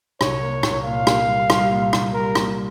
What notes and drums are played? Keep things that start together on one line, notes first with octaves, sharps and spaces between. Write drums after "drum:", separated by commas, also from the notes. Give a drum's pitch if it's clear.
C2 C#5, drum: rim click
A#3
C2, drum: rim click
A#2 F5
A#3, drum: rim click
G3
G3, drum: rim click
A#2
G3, drum: rim click
G3 A#4
A#3, drum: rim click